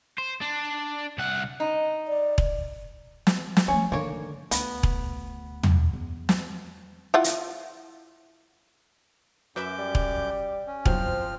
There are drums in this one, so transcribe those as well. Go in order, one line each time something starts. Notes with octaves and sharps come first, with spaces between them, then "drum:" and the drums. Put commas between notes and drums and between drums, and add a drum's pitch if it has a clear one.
C5
D4
C2 F#5
D#4
D5
drum: kick E1
drum: snare
drum: snare
F3 A3 C#4
D3 D#3 A#3 C#5
D2 B3, drum: hi-hat
drum: kick E1
drum: tom
E2
drum: snare
E4 F4 F#5
drum: hi-hat
F#2 F#3 B4 E5 D6 G6
G3
drum: kick E1
C#4
E2 G2 F3 F#3 C4 F6, drum: kick E1